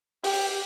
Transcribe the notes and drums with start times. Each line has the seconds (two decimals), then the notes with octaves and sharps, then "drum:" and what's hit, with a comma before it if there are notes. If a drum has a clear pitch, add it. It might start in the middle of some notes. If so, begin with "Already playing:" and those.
0.24 G4, drum: open hi-hat